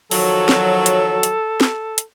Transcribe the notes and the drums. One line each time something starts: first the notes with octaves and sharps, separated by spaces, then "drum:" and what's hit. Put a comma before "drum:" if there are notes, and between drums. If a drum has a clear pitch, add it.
D#3 F3 F#3 A4, drum: open hi-hat
drum: snare
drum: hi-hat
drum: hi-hat
drum: snare
drum: hi-hat